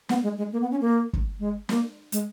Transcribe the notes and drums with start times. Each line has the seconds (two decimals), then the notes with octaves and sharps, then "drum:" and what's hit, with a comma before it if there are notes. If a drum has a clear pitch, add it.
0.09 B3, drum: snare
0.23 G#3
0.38 G#3
0.52 A#3
0.62 B3
0.71 C#4
0.81 A#3
1.13 drum: kick
1.39 G#3
1.69 A#3, drum: snare
2.12 G#3, drum: hi-hat